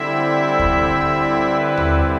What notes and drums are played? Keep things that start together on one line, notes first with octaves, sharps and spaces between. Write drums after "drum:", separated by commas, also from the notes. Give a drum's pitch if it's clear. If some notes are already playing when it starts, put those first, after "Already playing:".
Already playing: D3 G3 C4 E4 E5
drum: kick D2
B4
drum: tom D#2